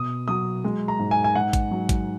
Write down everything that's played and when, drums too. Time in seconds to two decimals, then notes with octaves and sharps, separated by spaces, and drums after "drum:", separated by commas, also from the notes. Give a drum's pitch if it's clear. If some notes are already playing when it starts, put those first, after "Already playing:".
Already playing: B2 D#6
0.28 F#3 D#6
0.64 G#3
0.88 A#5
0.99 G#2
1.11 G#5
1.24 G#5
1.35 G#2 F#5
1.53 drum: kick A1, hi-hat
1.71 F#3
1.89 drum: kick A1, hi-hat